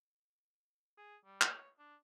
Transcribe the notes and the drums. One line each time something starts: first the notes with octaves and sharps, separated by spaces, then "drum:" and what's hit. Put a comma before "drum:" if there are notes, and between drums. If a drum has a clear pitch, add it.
G#4
G3
drum: clap
C#5
D4